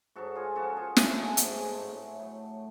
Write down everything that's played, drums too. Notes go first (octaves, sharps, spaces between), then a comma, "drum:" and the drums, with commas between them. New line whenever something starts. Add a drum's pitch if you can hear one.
G#2 F#3 F#4 A4
F4 G#4
F#2 F3 F#4 A4
F4 G#4
F#2 D3 F#3 A3, drum: snare
G#3
G#2 F#3 A3, drum: hi-hat
G#3
A2 F#3 A3
A2 F#3